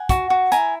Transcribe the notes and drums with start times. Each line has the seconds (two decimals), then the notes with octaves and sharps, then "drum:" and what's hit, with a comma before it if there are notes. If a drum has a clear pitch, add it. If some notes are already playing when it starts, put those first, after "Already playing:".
Already playing: F#5 G#5
0.09 F#4, drum: kick, hi-hat
0.30 F#4
0.52 E4 G#5 A#5, drum: hi-hat